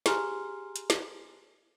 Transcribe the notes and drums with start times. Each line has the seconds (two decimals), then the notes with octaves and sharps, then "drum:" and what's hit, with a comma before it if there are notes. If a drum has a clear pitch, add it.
0.06 G4 G#4 G#5 A#5 C6 F6, drum: snare
0.76 drum: hi-hat
0.90 drum: snare